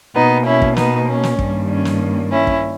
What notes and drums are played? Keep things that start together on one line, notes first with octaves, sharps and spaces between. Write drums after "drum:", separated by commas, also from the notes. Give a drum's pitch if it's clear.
B2 A#3 B3 D#4
C#4 E4
drum: kick
B3 D#4, drum: snare
C#4
drum: snare
G2 D#3 G3 A#3, drum: kick
C#4
drum: snare
C#4 E4
drum: kick